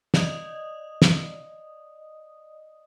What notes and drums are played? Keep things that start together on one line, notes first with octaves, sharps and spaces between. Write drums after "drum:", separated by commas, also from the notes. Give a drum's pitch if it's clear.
D5 D#5 D#6, drum: snare
drum: snare